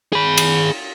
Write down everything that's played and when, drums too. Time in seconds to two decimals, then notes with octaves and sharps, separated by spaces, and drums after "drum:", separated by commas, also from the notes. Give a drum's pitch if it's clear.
0.13 G#4 B5
0.38 drum: cymbal